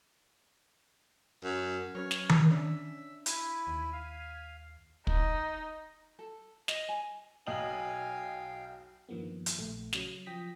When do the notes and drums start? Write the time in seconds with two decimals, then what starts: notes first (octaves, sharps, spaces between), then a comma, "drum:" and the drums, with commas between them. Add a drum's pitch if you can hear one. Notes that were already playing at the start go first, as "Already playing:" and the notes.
1.44 F#2
1.95 F#3 C#4 B4 C#5 C#6 F6
2.11 drum: snare
2.29 drum: tom D#3
2.51 C#4 D4 E5
3.26 E4 G#6 B6 D#7, drum: hi-hat
3.67 D#2
3.93 F5
5.07 D#4, drum: kick
6.19 A4
6.68 D#5, drum: snare
6.89 G#5
7.47 B1 D#5 F5 G5 G#5 F#7
9.09 G2 D#3 F3 A#3 B3
9.46 drum: hi-hat
9.58 A#1 A3
9.93 C#3 F#3, drum: snare
10.26 F3 G5 D#6 A#6 B6